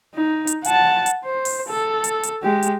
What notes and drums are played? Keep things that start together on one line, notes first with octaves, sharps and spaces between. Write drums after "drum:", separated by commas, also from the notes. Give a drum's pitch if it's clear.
D#4
drum: hi-hat
F#5 A5, drum: hi-hat
drum: hi-hat
C5
drum: open hi-hat
A4
drum: hi-hat
drum: hi-hat
G#3 G4
drum: hi-hat